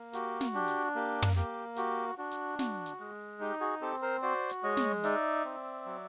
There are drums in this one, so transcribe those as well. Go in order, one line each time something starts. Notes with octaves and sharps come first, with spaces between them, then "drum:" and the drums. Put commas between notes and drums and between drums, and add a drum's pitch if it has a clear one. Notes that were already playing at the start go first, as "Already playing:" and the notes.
Already playing: A#3
F#4 G4, drum: hi-hat
drum: snare
D4 G4
drum: hi-hat
A#3 G4
drum: tom
A#3 G4
F#4 G4, drum: hi-hat
D4 F#4
drum: hi-hat
F#4, drum: snare
drum: hi-hat
G#3
D#4 G4
F#4 G#4
C4 G4 A4
A#4 C5
F#4 C5 D5
drum: hi-hat
G#3 C#5 D#5
drum: snare
D#4 D5 E5, drum: hi-hat
C4
F#3